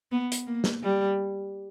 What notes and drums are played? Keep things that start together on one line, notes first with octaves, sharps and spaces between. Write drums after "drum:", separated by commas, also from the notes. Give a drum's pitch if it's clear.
B3
drum: hi-hat
A#3
drum: snare
G3